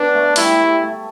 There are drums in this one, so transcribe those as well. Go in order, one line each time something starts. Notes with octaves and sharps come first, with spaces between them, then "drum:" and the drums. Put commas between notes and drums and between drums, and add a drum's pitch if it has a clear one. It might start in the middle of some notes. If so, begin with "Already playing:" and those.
Already playing: B3 D4 B4
A3 A4
G3 E4 G4, drum: open hi-hat
A3 A4
A3 A4